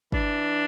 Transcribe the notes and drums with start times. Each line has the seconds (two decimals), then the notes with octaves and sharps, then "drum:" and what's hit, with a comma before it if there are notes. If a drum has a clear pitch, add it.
0.12 E3 D4, drum: kick